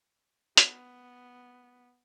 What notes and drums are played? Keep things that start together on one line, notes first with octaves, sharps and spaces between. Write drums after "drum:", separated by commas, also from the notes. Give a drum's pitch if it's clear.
B3, drum: hi-hat